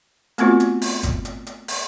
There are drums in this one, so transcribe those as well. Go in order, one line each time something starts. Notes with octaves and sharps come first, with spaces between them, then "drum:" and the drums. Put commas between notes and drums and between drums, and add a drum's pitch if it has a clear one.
A3 B3 C4 F4 F#4, drum: hi-hat
drum: hi-hat
drum: open hi-hat
drum: kick G1, hi-hat
drum: hi-hat
drum: hi-hat
drum: open hi-hat